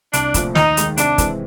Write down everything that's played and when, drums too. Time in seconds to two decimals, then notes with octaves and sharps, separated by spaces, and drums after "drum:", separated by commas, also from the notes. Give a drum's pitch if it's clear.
0.13 C2 D4, drum: hi-hat
0.34 A#2 F3 A3, drum: kick, hi-hat
0.55 D#2 D#4, drum: snare
0.77 D#3 G#3, drum: hi-hat
0.97 C3 D4, drum: hi-hat
1.18 E3 G#3 C4, drum: kick, hi-hat